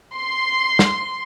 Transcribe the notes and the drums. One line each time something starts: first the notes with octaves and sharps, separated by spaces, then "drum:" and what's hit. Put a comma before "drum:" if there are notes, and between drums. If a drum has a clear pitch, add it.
C6
drum: snare